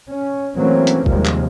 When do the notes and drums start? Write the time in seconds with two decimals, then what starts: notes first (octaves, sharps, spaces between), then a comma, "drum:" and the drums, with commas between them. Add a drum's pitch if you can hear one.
0.10 C#4
0.55 E3 F#3 A3 A#3 C4 C#4
0.87 drum: hi-hat
1.06 D#2 C3 D#3 F3 G3 G#3, drum: kick
1.25 drum: clap